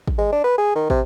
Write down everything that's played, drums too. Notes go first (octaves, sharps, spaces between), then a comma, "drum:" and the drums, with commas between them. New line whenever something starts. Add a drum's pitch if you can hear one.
drum: kick
G#3
D4
B4
G#4
D#3
C3, drum: kick